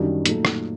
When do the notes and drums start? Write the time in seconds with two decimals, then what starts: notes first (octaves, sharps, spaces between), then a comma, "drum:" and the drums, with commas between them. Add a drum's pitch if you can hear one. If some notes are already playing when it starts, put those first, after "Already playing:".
Already playing: F#2 D#3 G3 D4 F#4
0.26 A#2 F#3 A3 D#4 A4, drum: hi-hat
0.45 drum: rim click